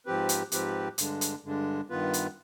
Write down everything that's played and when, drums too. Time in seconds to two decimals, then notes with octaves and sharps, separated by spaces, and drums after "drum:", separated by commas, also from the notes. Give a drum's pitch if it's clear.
0.06 G#2 F3 C4 G4 B4
0.29 drum: hi-hat
0.52 G#2 F3 C4 G4 B4, drum: hi-hat
0.98 G2 D3 G#3 D4, drum: hi-hat
1.21 drum: hi-hat
1.44 G2 D3 G#3 D4
1.90 G2 D#3 B3 F4 B4
2.13 drum: hi-hat